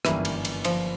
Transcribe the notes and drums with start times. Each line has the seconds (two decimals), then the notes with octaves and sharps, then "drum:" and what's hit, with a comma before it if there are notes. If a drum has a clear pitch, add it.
0.05 G1 F#2 D#3 E3 G3 A#3, drum: rim click
0.25 drum: cymbal
0.45 drum: cymbal
0.65 F3, drum: cymbal